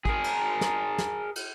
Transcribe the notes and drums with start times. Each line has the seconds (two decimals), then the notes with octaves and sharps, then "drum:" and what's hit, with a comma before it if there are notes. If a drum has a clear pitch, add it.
0.05 G#4 A#4, drum: kick
0.24 drum: cymbal
0.61 drum: snare
0.98 drum: snare
1.36 drum: cymbal